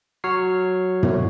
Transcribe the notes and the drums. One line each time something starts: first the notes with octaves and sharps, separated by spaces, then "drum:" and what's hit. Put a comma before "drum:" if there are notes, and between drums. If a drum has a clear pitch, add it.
F#3 C#5 F6 C7
drum: tom